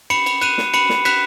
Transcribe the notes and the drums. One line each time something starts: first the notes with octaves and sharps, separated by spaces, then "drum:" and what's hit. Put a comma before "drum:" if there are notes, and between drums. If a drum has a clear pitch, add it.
B5 C#7, drum: cymbal
drum: cymbal
F#6 D#7, drum: cymbal
drum: snare
B5 C#7, drum: cymbal
drum: snare
F#6 B6, drum: cymbal